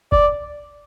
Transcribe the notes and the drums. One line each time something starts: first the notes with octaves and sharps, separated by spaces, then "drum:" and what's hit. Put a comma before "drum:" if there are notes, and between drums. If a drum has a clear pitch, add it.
D5, drum: kick F1